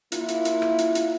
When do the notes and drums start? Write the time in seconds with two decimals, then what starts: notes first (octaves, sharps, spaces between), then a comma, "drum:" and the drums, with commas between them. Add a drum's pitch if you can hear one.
0.12 A#3 E4 F4, drum: hi-hat
0.28 drum: hi-hat
0.45 drum: hi-hat
0.62 drum: rim click
0.78 drum: hi-hat
0.95 drum: hi-hat